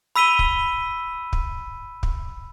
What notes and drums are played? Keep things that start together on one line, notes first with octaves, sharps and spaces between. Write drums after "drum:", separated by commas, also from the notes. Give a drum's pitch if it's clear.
B5 E6 B6 D#7 G7
drum: kick
drum: kick
drum: kick